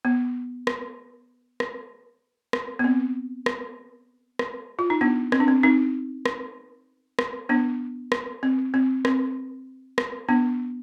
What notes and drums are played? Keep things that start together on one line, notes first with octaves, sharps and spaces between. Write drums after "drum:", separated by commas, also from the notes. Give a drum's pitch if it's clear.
B3
drum: rim click
drum: rim click
drum: rim click
B3
C4
drum: rim click
drum: rim click
F4
D#4
B3 D4
C4, drum: rim click
D4
C4
C4 D#4
drum: rim click
drum: rim click
B3 D4
drum: rim click
C4
C4
C4, drum: rim click
drum: rim click
B3 D4